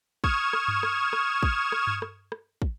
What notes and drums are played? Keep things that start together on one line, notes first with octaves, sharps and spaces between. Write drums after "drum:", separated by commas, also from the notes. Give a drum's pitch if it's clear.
C#6 D#6 F6 G#6 E7, drum: kick
drum: rim click
drum: tom G2
drum: rim click
drum: rim click
drum: kick
drum: rim click
drum: tom G2
drum: rim click
drum: rim click
drum: kick